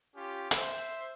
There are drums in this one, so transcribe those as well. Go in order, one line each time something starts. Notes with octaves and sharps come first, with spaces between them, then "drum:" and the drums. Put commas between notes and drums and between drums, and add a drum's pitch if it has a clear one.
C#4 F4 G4
C5 E5, drum: hi-hat